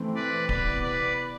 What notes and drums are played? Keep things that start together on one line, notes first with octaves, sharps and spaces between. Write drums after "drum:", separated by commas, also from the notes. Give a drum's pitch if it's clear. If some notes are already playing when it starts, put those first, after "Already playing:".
Already playing: E3 A3 C4
B4 D5
C3 E3 B3 B4 D5, drum: kick D1
B4 D5